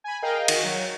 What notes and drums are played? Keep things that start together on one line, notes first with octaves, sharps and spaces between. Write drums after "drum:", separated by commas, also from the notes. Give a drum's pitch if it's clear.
G#5 B5
G#4 A#4 D#5 F5 G5
D#3 F#4, drum: cymbal
F#3